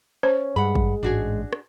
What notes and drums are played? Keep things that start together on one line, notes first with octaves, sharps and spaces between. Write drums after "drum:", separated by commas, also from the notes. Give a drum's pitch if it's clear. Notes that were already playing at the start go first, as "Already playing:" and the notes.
C#4 C5
G2 G#3 F#5 B5
drum: kick
A1 G#2 D4 F#4 G#4
drum: rim click